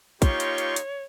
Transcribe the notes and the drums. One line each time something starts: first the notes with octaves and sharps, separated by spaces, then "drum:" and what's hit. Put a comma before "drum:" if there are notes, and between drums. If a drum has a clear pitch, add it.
A#3 D#4 F4 G4 C#5 C6 C#6, drum: kick, hi-hat
drum: hi-hat
drum: hi-hat
drum: hi-hat